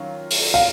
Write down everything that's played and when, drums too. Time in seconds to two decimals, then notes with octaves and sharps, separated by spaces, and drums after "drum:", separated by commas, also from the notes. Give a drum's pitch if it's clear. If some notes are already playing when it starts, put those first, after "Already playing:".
Already playing: D#3 F#3 C#4 F4
0.31 drum: open hi-hat
0.54 F5